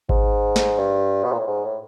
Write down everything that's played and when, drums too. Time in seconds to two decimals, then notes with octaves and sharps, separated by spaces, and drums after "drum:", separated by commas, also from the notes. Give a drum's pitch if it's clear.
0.09 G#2, drum: kick G#1
0.56 drum: snare
0.78 G2
1.24 B2
1.32 A#2
1.39 A2
1.48 G#2
1.65 A2